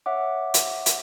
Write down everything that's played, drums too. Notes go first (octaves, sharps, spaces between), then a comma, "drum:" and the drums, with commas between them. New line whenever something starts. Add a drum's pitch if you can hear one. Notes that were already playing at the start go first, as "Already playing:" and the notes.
C#5 E5 F#5 D6
drum: hi-hat
drum: hi-hat